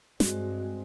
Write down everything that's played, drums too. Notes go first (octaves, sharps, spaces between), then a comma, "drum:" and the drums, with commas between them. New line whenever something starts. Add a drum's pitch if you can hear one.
G2 G#3 C4 F#4, drum: snare